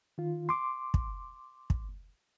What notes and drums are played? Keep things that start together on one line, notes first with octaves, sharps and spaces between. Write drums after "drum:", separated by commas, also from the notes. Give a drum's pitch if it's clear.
D#3 F4
C6 D6
drum: kick
drum: kick